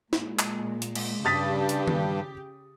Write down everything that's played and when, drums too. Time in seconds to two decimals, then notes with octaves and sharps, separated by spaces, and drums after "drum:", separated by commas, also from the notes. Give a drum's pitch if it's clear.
0.13 A#2 G#3, drum: snare
0.39 drum: clap
0.82 drum: hi-hat
0.95 drum: cymbal
1.25 G2 C#3 G4 D#6 A6 B6
1.69 drum: hi-hat
1.88 drum: tom D#3